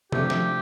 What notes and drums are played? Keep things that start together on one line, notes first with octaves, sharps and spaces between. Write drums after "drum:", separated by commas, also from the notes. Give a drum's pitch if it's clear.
C3 F3 A3 D4 G4, drum: tom C3
drum: snare